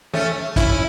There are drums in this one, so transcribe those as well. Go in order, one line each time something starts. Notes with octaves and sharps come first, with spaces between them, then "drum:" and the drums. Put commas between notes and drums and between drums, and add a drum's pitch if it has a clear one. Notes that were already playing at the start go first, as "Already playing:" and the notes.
A3 C#4, drum: tom E3
C#4 E4, drum: kick, hi-hat